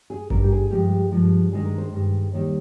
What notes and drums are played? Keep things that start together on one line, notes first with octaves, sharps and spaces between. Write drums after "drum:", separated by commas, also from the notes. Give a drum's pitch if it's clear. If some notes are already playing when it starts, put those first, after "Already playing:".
G#4
G2 G3 A#4, drum: kick G#1
G4
G#4
G2 F3 G#3 G4
G2 F3 G#3
G2 D#3 G#3 G#4
A#4
C5
G2 D#3 G#3
D#2 D#3 G3